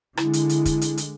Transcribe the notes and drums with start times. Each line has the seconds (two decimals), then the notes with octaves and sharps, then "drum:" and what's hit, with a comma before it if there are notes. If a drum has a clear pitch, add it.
0.17 D3 G#3 E4, drum: rim click
0.33 drum: hi-hat
0.49 drum: hi-hat
0.65 drum: kick, hi-hat
0.81 drum: hi-hat
0.97 drum: hi-hat